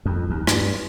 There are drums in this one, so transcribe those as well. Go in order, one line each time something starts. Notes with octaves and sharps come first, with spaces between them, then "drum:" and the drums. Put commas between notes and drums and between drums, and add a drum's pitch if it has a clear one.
F2
D#2
G2, drum: rim click